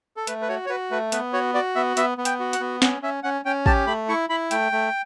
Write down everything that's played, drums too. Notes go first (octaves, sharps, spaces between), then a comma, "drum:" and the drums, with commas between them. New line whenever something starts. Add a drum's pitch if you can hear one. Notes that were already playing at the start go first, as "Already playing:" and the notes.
A4
A3 B4, drum: hi-hat
B4
F#4 C#5
C#5
F#4 B4
A3 B4
B3 B4, drum: hi-hat
F#4 C#5
F#4 D5
B3 E5
B3 E5, drum: hi-hat
B3
G5, drum: hi-hat
F#4
F#5, drum: hi-hat
B3
C#4 F#5, drum: snare
C#4 E5
C#4 F#5
C#4 G5
G4 A5, drum: kick
A3 B5
E4 C#6
E4 B5
A3 G5, drum: hi-hat
A3